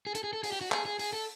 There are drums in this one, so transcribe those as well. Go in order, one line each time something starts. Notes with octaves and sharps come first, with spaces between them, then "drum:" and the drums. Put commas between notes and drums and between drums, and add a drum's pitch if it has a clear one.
G#4
A4, drum: hi-hat
G#4
A4
G#4, drum: open hi-hat
G4
F#4
G#4, drum: clap
G#4
G#4, drum: open hi-hat
A4